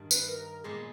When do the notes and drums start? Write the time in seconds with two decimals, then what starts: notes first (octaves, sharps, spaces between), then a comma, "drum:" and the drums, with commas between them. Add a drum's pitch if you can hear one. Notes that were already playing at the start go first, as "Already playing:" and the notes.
Already playing: G2 D#3 G3
0.11 B4, drum: tambourine
0.28 A#4
0.46 A#4
0.64 A#2 G#3 B3 G4 G#4